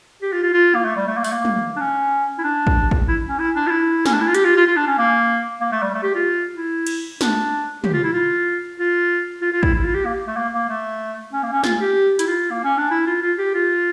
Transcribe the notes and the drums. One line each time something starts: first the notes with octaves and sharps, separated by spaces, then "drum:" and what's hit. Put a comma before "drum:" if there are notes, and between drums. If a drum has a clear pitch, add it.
G4
F4
F4
F4
A#3
A3
G3
A3
A#3
A3, drum: open hi-hat
A#3
drum: tom
D4
C#4
E4
D4
drum: kick
drum: kick
E4
C#4
E4
D4
F4
E4
C#4, drum: snare
D4
E4
F4
G4, drum: hi-hat
F4
F4
F4
D4
C#4
A#3
A#3
A3
G3
A3
G4
F4
E4
drum: cymbal
D4, drum: snare
G4, drum: tom
F4
E4
F4
F4
F4
F4
E4, drum: kick
E4
F4
G4
A#3
A3
A#3
A#3
A3
C#4
A#3
C#4
F4, drum: snare
G4
E4, drum: hi-hat
F4
A#3
C#4
D4
E4
F4
F4
G4
F4